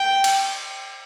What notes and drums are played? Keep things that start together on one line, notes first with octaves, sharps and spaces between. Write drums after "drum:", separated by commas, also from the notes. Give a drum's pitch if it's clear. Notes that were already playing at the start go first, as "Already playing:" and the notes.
Already playing: G5
drum: cymbal